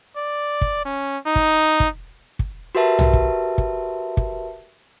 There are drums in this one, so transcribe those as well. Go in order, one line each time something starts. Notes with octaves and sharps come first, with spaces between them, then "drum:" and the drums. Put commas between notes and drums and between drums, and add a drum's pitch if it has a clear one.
D5
drum: kick
C#4
D#4
drum: kick
drum: kick
drum: kick
F#4 G4 A#4 B4 E5 A5
drum: tom
drum: kick
drum: kick
drum: kick